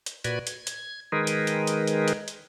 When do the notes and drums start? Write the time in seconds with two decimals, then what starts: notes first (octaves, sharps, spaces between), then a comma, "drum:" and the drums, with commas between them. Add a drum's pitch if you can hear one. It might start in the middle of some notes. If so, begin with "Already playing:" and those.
0.06 drum: hi-hat
0.24 A#2 F#4 B4 D5 G#6, drum: hi-hat
0.47 G#6, drum: hi-hat
0.67 drum: hi-hat
1.12 D#3 G#3 D#4 G#4 A#4 B4
1.27 drum: hi-hat
1.47 drum: hi-hat
1.67 drum: hi-hat
1.87 drum: hi-hat
2.08 drum: hi-hat
2.28 drum: hi-hat